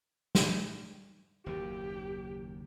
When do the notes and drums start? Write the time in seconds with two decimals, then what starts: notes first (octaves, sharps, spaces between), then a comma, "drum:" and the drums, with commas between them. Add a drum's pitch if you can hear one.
0.35 drum: snare
1.46 F#1 D#2 D#3 G4